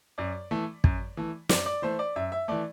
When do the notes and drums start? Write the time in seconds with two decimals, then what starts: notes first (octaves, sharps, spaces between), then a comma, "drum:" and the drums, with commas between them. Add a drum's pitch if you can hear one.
0.18 F#2 D5
0.51 E3 A3
0.84 F#2, drum: kick
1.17 E3 A3
1.49 F#2 D5, drum: snare
1.66 D5
1.82 E3 A3 C5
1.99 D5
2.16 F#2 E5
2.32 E5
2.48 E3 A3 D5